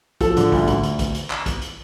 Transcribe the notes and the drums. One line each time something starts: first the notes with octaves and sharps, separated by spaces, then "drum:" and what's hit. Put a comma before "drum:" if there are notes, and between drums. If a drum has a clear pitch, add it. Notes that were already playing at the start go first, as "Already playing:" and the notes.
F3 A4, drum: kick, hi-hat
D3, drum: hi-hat
D2, drum: kick, open hi-hat
D2, drum: kick, hi-hat
drum: hi-hat
drum: kick, hi-hat
drum: hi-hat
drum: clap
drum: kick, hi-hat
drum: hi-hat